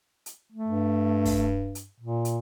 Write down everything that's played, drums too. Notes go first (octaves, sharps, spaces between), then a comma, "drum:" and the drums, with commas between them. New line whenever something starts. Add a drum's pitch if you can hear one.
drum: hi-hat
A3
G2
drum: kick, open hi-hat
drum: hi-hat
A#2
drum: hi-hat